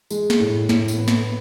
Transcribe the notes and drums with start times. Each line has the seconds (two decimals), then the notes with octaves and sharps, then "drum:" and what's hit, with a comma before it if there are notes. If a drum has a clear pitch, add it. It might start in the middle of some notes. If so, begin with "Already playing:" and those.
0.11 G#3, drum: tambourine
0.30 drum: snare
0.40 A2
0.69 A2, drum: snare
0.88 drum: tambourine
0.98 B3
1.08 drum: snare